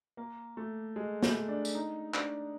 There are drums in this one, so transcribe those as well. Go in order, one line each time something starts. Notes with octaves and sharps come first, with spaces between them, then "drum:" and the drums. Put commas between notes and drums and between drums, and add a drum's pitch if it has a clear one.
A#3
A3
G#3
A3, drum: snare
D4
drum: tambourine
D#4
D4, drum: clap